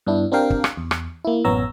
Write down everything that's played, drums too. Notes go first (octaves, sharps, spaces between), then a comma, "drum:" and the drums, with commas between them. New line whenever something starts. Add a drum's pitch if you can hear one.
G2 B3 D4 E4
C4 D4 G4 A#4 F5 G5
drum: kick
drum: rim click
E2
drum: rim click
A#3 E4
A1 F#2 B3 C#5 A#5 E6